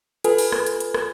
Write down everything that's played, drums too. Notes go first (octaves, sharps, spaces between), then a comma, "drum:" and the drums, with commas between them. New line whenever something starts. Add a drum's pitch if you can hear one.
F4 A4 B4 G#5, drum: hi-hat
drum: open hi-hat
drum: rim click
drum: hi-hat
drum: hi-hat
drum: rim click